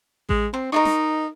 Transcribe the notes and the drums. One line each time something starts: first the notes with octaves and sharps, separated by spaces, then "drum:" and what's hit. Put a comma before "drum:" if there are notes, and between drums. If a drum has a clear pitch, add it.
G#3, drum: kick A1
C4 C6
D#4 A#4 D#5 C#6
drum: snare